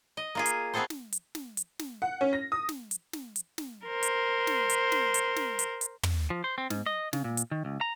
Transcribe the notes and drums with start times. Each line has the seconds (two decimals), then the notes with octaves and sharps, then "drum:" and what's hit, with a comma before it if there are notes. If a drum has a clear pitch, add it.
0.17 D#5
0.35 A#3 F4 G#4
0.46 drum: hi-hat
0.74 A3 B3 C4 G#4 A4 C5
0.90 drum: snare
1.12 drum: hi-hat
1.35 drum: snare
1.57 drum: hi-hat
1.79 drum: snare
2.02 F#5
2.21 C#4
2.33 A#6
2.52 D#6
2.69 drum: snare
2.91 drum: hi-hat
3.13 drum: snare
3.36 drum: hi-hat
3.58 drum: snare
3.87 A#4 C5
4.03 drum: hi-hat
4.47 drum: snare
4.69 drum: hi-hat
4.92 drum: snare
5.14 drum: hi-hat
5.36 drum: snare
5.59 drum: hi-hat
5.81 drum: hi-hat
6.03 drum: tom
6.30 F3
6.44 C5
6.58 C4
6.70 G#2, drum: snare
6.86 D#5
7.13 C#3, drum: snare
7.24 A#2
7.37 drum: hi-hat
7.51 D#3
7.65 C#2
7.81 A#5